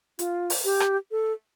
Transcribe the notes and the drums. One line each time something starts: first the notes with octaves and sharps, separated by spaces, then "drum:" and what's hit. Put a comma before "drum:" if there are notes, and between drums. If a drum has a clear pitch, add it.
F4, drum: hi-hat
drum: open hi-hat
G4
drum: rim click
A4